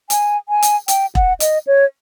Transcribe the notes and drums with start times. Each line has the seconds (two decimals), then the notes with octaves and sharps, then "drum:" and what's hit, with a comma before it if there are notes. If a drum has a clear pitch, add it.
0.10 G#5, drum: hi-hat
0.49 G#5
0.62 drum: hi-hat
0.88 G5, drum: hi-hat
1.15 F#5, drum: kick E1
1.40 D#5, drum: hi-hat
1.67 C#5